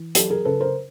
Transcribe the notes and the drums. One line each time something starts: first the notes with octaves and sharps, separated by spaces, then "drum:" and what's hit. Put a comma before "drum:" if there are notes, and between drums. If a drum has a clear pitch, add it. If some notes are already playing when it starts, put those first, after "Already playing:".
Already playing: E3
F#3 G4 A4, drum: hi-hat
G#4 A#4
C#3 A4 B4
A#4 C5